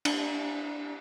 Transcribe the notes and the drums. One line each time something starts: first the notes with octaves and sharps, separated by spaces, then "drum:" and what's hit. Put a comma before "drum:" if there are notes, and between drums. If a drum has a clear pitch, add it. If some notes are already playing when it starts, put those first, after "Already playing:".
D4, drum: cymbal